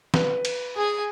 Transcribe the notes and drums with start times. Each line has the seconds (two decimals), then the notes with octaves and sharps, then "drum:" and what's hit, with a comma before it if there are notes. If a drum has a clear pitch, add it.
0.14 B4, drum: snare
0.45 drum: cymbal
0.76 G#4 G#5